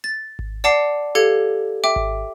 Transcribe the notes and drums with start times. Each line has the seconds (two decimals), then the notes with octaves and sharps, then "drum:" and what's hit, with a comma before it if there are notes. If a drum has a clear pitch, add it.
0.04 A6
0.39 drum: kick G#1
0.64 D5 F#5 A5 D6 C7
1.15 G4 A4 F5 G#6 C#7
1.84 E5 G5 D6
1.96 drum: kick G#1